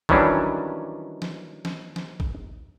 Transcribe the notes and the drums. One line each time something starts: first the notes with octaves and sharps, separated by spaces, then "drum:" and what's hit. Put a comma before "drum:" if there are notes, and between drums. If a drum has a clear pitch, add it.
D#3 E3 F#3 G3 C#4 D4, drum: kick
drum: snare
drum: snare
drum: snare
drum: kick